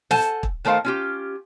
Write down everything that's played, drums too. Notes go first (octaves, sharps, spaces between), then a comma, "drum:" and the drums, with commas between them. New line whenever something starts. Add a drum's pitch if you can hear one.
A4 C5 F#5 G#5 A5, drum: snare
drum: kick
D#3 A3 A#4 C5 F5
C#4 F4 G4